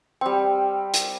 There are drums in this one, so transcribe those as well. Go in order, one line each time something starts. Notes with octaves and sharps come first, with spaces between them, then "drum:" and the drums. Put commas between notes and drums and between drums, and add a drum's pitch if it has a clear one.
G3 C4 G5
drum: hi-hat